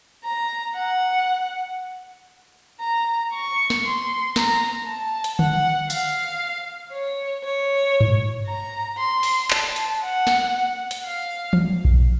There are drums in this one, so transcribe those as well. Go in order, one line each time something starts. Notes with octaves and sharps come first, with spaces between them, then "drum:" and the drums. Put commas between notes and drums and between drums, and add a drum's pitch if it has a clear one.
A#5
F#5
A#5
C#6
drum: snare
C6
A#5, drum: snare
A5
drum: hi-hat
F#5, drum: tom D3
F5, drum: tambourine
C#5
C#5
drum: tom G2
A#5
C6
drum: open hi-hat
A5, drum: clap
drum: hi-hat
F#5
drum: snare
drum: hi-hat
F5
drum: tom E3
drum: kick A#1